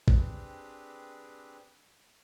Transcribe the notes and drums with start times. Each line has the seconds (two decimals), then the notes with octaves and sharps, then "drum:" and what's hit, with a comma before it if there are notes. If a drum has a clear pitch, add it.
0.08 C4 D4 G4 G#4 B4, drum: kick